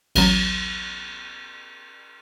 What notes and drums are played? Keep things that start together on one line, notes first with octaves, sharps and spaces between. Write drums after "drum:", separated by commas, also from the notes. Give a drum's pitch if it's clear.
A1 D2 F#3, drum: cymbal